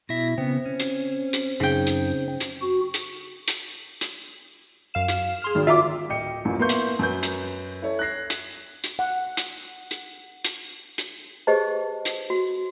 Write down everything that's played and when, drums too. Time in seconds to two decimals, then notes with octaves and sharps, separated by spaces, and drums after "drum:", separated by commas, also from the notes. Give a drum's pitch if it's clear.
0.09 B2 E4 E5 A#6
0.38 C#3 B3 C4
0.66 C#4
0.80 drum: hi-hat
1.33 drum: hi-hat
1.60 F#2 C#3 D#4 G5
1.87 drum: hi-hat
2.40 drum: hi-hat
2.62 F#4
2.94 drum: hi-hat
3.48 drum: hi-hat
4.01 drum: hi-hat
4.94 F#2 F5 E7
5.08 drum: hi-hat
5.42 G#4 C6 F6
5.55 G#1
5.67 D#3 F4 E5 D6
6.09 D1 D#5 G5 C#7
6.45 A1 F#2 A#2
6.59 A#3 B3 E4 C6 C#6 G6
6.69 drum: hi-hat
6.99 F#2 B4 G6
7.23 drum: hi-hat
7.82 E4 A4 C#5
7.99 F#6 G#6 A#6 C7
8.30 drum: hi-hat
8.84 drum: hi-hat
8.99 F#5
9.37 drum: hi-hat
9.91 drum: hi-hat
10.45 drum: hi-hat
10.98 drum: hi-hat
11.47 G4 G#4 B4 C5 D#5 A5
12.05 drum: hi-hat
12.30 F#4